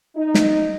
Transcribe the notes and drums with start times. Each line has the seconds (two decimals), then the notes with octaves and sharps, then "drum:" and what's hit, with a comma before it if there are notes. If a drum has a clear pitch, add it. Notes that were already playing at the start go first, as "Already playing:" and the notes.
0.16 D#4
0.34 drum: snare